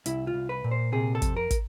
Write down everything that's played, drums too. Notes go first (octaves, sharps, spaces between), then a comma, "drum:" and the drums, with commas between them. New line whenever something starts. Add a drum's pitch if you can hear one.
C2 E4, drum: hi-hat
F4
C2
B4
A#2
C5
C3 G#4
A4
F2, drum: kick, hi-hat
A#4
drum: kick, hi-hat